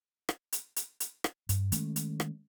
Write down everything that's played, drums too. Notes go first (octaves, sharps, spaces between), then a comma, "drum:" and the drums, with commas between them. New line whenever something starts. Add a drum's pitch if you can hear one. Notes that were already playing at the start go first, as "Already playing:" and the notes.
drum: rim click
drum: hi-hat
drum: hi-hat
drum: hi-hat
drum: rim click
G2, drum: hi-hat
D#3 G#3 A3 C#4, drum: hi-hat
drum: hi-hat
drum: rim click